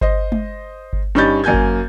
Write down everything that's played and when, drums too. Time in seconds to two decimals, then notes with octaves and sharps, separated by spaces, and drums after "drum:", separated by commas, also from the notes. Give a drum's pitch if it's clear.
0.01 C5 D#5, drum: kick G1
0.32 drum: tom G#3
0.93 drum: kick G1
1.15 G2 C#4 D#4 B5 G6 A6
1.44 F#2 A#3 G#5 G6 G#6
1.54 drum: kick G1